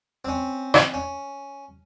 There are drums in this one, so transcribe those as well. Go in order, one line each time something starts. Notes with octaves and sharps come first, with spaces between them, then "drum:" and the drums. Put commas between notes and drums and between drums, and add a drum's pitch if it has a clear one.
C4 C#4
drum: rim click
C#4